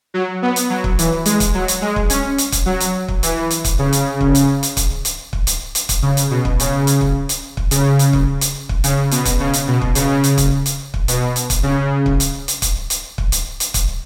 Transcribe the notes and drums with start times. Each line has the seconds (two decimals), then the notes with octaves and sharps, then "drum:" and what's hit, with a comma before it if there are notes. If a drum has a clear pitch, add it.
0.14 F#3
0.42 B3
0.56 drum: hi-hat
0.70 F#3
0.84 drum: kick
0.99 E3, drum: hi-hat
1.26 G#3, drum: hi-hat
1.40 drum: kick, hi-hat
1.54 F#3
1.68 drum: hi-hat
1.82 G#3
1.96 drum: kick
2.10 C#4, drum: hi-hat
2.38 drum: hi-hat
2.52 drum: kick, hi-hat
2.66 F#3
2.80 drum: hi-hat
3.08 drum: kick
3.23 E3, drum: hi-hat
3.50 drum: hi-hat
3.65 drum: kick, hi-hat
3.79 C#3
3.93 drum: hi-hat
4.21 drum: kick
4.35 drum: hi-hat
4.63 drum: hi-hat
4.77 drum: kick, hi-hat
5.05 drum: hi-hat
5.33 drum: kick
5.47 drum: hi-hat
5.75 drum: hi-hat
5.89 drum: kick, hi-hat
6.02 C#3
6.17 drum: hi-hat
6.31 B2
6.45 drum: kick
6.60 C#3, drum: hi-hat
6.87 drum: hi-hat
7.01 drum: kick
7.29 drum: hi-hat
7.57 drum: kick
7.71 C#3, drum: hi-hat
7.99 drum: hi-hat
8.13 drum: kick
8.41 drum: hi-hat
8.69 drum: kick
8.84 C#3, drum: hi-hat
9.11 B2, drum: hi-hat
9.25 drum: kick, hi-hat
9.40 C#3
9.53 drum: hi-hat
9.68 B2
9.82 drum: kick
9.95 C#3, drum: hi-hat
10.24 drum: hi-hat
10.38 drum: kick, hi-hat
10.66 drum: hi-hat
10.94 drum: kick
11.08 B2, drum: hi-hat
11.36 drum: hi-hat
11.50 drum: kick, hi-hat
11.63 C#3
12.06 drum: kick
12.20 drum: hi-hat
12.48 drum: hi-hat
12.62 drum: kick, hi-hat
12.90 drum: hi-hat
13.18 drum: kick
13.32 drum: hi-hat
13.60 drum: hi-hat
13.74 drum: kick, hi-hat